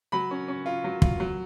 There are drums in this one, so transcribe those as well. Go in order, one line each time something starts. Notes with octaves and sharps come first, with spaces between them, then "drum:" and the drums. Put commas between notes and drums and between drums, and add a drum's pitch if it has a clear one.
F#3 B5
C#4
C#4
F4
F#3
F4, drum: kick
F#3